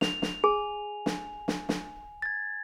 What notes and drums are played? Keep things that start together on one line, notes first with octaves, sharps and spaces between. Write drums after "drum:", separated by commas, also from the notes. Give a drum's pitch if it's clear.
F7, drum: snare
drum: snare
G#4 G#5
drum: snare
drum: snare
drum: snare
G#6 A6